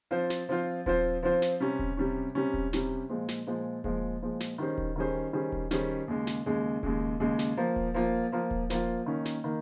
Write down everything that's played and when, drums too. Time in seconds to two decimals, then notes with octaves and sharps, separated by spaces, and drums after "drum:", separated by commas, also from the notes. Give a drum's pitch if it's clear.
0.11 F3 C4 F4 C5
0.30 drum: snare
0.49 F3 C4 F4 C5
0.86 F3 C4 F4 C5, drum: kick D#1
1.23 F3 C4 F4 C5
1.42 drum: snare
1.60 C3 G3 C#4
1.79 drum: kick D#1
1.97 C3 G3 C#4
2.35 C3 G3 C#4
2.54 drum: kick D#1
2.73 C3 G3 C#4, drum: snare
3.09 A#2 F3 G#3
3.28 drum: snare
3.47 A#2 F3 G#3
3.84 A#2 F3 G#3, drum: kick D#1
4.22 A#2 F3 G#3
4.40 drum: snare
4.58 D#3 G3 C#4 G#4 C5
4.78 drum: kick D#1
4.96 D#3 G3 C#4 G#4 C5
5.33 D#3 G3 C#4 G#4 C5
5.52 drum: kick D#1
5.71 D#3 G3 C#4 G#4 C5, drum: snare
6.08 D#2 C#3 G#3
6.27 drum: snare
6.46 D#2 C#3 G#3
6.83 D#2 C#3 G#3, drum: kick D#1
7.20 D#2 C#3 G#3
7.39 drum: snare
7.57 F3 A#3 F4
7.76 drum: kick D#1
7.94 F3 A#3 F4
8.32 F3 A#3 F4
8.51 drum: kick D#1
8.70 F3 A#3 F4, drum: snare
9.06 D#3 A#3 C#4
9.25 drum: snare
9.44 D#3 A#3